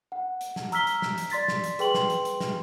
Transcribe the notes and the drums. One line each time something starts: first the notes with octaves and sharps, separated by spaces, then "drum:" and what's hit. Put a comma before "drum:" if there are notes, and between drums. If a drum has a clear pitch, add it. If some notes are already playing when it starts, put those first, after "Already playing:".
F#5
drum: hi-hat
drum: snare
A#5 E6 F6 B6 G7, drum: hi-hat
drum: hi-hat
drum: snare
drum: hi-hat
D5 C6 A6 B6, drum: hi-hat
drum: snare
drum: hi-hat
G#4 B4 G5 C6 F#7, drum: hi-hat
drum: snare
drum: hi-hat
drum: hi-hat
drum: snare